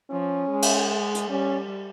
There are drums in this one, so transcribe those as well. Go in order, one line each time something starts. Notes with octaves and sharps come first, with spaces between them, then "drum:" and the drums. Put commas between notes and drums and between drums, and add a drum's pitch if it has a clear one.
F3 C#4
G#3
drum: cymbal
drum: hi-hat
G3 C#4